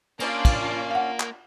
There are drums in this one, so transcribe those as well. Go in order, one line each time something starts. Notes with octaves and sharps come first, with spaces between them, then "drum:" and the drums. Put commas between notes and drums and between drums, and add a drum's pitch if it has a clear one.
A#3 C#4 D4 F4 D5, drum: cymbal
drum: kick, cymbal
F5 F#5
drum: clap